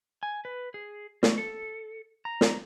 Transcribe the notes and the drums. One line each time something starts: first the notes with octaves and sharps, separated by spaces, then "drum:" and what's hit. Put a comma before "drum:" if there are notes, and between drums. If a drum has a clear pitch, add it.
G#5
B4
G#4
A3, drum: snare
A4
A#5
drum: snare